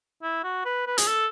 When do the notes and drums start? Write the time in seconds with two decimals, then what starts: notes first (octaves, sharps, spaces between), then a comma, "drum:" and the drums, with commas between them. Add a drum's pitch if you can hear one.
0.23 E4
0.43 F#4
0.65 B4
0.87 B4
0.98 G#4, drum: hi-hat
1.08 A4